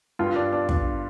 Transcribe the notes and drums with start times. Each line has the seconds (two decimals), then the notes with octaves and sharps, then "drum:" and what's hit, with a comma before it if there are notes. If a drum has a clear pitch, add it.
0.19 G2 F4
0.35 D4
0.53 D4
0.69 D4, drum: kick